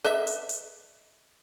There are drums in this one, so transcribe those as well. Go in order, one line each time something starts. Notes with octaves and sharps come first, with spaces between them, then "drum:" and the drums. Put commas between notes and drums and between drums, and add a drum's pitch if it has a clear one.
B4 D#5 E5, drum: open hi-hat
drum: hi-hat
drum: hi-hat